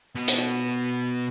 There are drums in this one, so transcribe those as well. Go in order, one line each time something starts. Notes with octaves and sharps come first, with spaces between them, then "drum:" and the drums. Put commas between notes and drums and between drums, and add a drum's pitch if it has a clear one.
B2 B3
drum: hi-hat